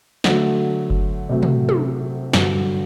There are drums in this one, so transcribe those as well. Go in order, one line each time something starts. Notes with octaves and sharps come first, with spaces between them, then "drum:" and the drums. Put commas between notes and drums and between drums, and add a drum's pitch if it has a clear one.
D3 F#3 A3, drum: snare
drum: kick F#1
C3 F#3 A3
drum: tom
drum: tom
G2 D3 F#3, drum: snare